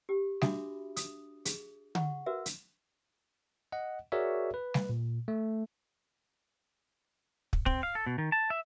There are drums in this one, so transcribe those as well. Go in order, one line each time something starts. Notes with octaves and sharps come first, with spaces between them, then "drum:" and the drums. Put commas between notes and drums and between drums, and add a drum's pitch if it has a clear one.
G4
D4 F#4 E5 B5 D6 D#6, drum: snare
D#6, drum: hi-hat
G#4, drum: hi-hat
F#5 C#6, drum: tom D3
F#4 A#4 B4 E5
drum: hi-hat
D#5 F#5
F#4 G#4 A#4 C#5 D5 E5
B4
drum: snare
A#2
A3
drum: kick
C4, drum: kick
F5
A4
B2
D#3
A5
E5